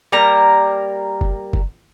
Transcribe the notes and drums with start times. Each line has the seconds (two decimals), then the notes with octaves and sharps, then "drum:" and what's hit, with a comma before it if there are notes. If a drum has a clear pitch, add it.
0.12 G3 A#3 A#4 A#5
1.21 drum: kick F#1
1.53 drum: kick F#1